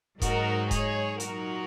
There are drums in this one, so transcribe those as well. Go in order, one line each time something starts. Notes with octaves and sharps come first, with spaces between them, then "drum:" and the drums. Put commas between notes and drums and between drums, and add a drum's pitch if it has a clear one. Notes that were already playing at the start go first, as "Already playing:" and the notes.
G#2 F#3 D#4 F#4 A#4, drum: kick E1, hi-hat
G#4 C#5, drum: kick E1, hi-hat
A#2 F#3 D#4 F#4 A#4, drum: hi-hat